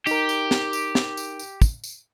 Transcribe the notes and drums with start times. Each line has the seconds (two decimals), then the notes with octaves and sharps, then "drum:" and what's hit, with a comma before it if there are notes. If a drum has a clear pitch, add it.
0.07 D#4 G4 A#4, drum: tambourine
0.29 drum: tambourine
0.51 drum: snare
0.73 drum: tambourine
0.95 drum: snare
1.17 drum: tambourine
1.39 drum: tambourine
1.62 drum: kick, tambourine
1.84 drum: tambourine